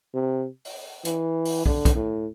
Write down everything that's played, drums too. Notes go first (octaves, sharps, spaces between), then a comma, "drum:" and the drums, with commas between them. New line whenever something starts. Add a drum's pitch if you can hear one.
C3
drum: open hi-hat
E3, drum: hi-hat
drum: open hi-hat
D3, drum: kick
drum: kick, hi-hat
A2